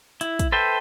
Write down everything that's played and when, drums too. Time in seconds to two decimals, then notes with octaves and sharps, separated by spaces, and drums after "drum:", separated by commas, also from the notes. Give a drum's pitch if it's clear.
0.21 E4, drum: hi-hat
0.39 drum: kick, hi-hat
0.52 A4 B4 C5 E5 G5